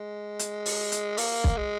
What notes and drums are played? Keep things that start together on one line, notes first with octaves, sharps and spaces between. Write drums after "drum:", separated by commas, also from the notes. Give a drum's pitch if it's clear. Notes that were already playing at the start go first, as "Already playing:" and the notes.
Already playing: G#3
drum: hi-hat
drum: open hi-hat
drum: hi-hat
A#3, drum: open hi-hat
drum: kick
G#3